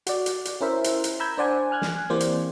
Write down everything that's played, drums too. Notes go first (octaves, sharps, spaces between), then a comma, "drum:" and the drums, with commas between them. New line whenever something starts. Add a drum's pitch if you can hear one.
F#4 D5, drum: hi-hat
drum: hi-hat
drum: hi-hat
C#4 E4 A#4 C5 E5
drum: hi-hat
drum: hi-hat
A#5 B5 E6 G6 G#6
D4 C5 D5 F#5 G#5
G#5 F6 F#6 G#6
drum: snare
E3 A#3 C4 G4 C5 D5
drum: hi-hat